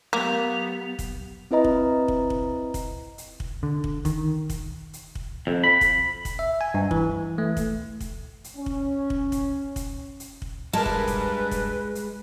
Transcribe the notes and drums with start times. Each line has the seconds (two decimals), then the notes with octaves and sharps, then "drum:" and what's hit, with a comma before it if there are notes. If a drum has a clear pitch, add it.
0.13 F#3 A#3 B3 G4 F7
0.99 drum: kick, hi-hat
1.51 C4 E4 B4 D#5 A#5
1.64 drum: kick
2.08 drum: kick
2.30 drum: kick
2.74 drum: kick, hi-hat
3.18 drum: hi-hat
3.40 drum: kick
3.63 D3
3.84 drum: kick
4.05 D#3, drum: kick, hi-hat
4.50 drum: kick, hi-hat
4.93 drum: hi-hat
5.15 drum: kick
5.47 F2
5.64 B5
5.81 drum: kick, hi-hat
6.25 drum: kick, hi-hat
6.39 E5
6.61 G#5
6.74 G2
6.91 E3, drum: kick
7.38 A3
7.57 drum: kick, hi-hat
8.00 drum: kick, hi-hat
8.44 drum: hi-hat
8.56 C#4
8.66 drum: kick
9.10 drum: kick
9.32 drum: kick, hi-hat
9.76 drum: kick, hi-hat
10.20 drum: hi-hat
10.42 drum: kick
10.73 G2 G3 G#3 A#4 B4 A5
10.86 drum: kick
11.08 drum: kick, hi-hat
11.51 drum: kick, hi-hat
11.95 drum: hi-hat